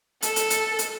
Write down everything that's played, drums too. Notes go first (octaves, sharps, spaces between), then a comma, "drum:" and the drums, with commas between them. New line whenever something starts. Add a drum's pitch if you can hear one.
A4, drum: hi-hat
drum: hi-hat
drum: hi-hat
drum: hi-hat